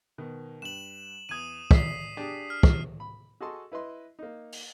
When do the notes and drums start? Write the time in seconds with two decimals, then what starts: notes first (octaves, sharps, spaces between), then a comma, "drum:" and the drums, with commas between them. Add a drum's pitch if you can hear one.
0.18 B2 D#3
0.62 G2 E7 F#7
1.29 E2 D#6 G#6 D#7
1.71 D5 B6 C7 G7, drum: kick
2.17 D4 G4 G#4
2.50 F6
2.63 drum: kick
3.00 B5
3.40 F#4 G#4 A4 D#5 A5 C6
3.72 E4 B4 D#5 C6
4.19 A#3 D#4
4.52 drum: open hi-hat